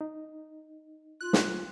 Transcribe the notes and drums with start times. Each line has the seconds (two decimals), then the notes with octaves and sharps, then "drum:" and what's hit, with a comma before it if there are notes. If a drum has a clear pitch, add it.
0.01 D#4
1.21 F4 F#6
1.33 drum: snare